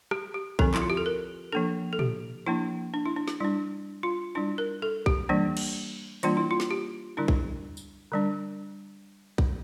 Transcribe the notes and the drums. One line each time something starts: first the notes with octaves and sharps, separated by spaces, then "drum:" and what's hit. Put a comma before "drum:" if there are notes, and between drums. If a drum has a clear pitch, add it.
G4, drum: rim click
G4
D3 F3 C4 A4, drum: kick
E4, drum: clap
F4
G4
A4
A#4
F3 A#3 D4 A4
A4
G4, drum: tom
F3 A#3 D4 E4
D4
E4
D4
drum: snare
G3 D4 E4
F4
G3 D4 E4
A#4
A4
G4, drum: kick
E3 G3 A#3 D4
drum: cymbal
E3 G3 A#3 D4 F4, drum: hi-hat
E4
F4
drum: snare
G4
D3 G3 D4 E4
drum: kick
drum: tambourine
D3 G3 D4
drum: kick